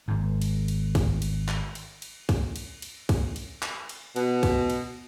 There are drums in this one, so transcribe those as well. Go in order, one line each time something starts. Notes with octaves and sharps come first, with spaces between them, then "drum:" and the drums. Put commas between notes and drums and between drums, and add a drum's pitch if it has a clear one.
G#1 G#2
drum: cymbal
drum: cymbal
drum: kick, cymbal
drum: cymbal
drum: clap
drum: cymbal
drum: cymbal
drum: kick, cymbal
drum: cymbal
drum: cymbal
drum: kick, cymbal
drum: cymbal
drum: clap
drum: cymbal
B2, drum: cymbal
drum: kick, cymbal
drum: cymbal